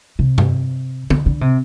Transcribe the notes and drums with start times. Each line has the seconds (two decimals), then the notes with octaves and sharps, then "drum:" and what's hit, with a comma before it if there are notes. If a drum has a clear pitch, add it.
0.19 C3
0.38 drum: tom G2
1.10 D3, drum: tom D3
1.26 D3
1.41 C3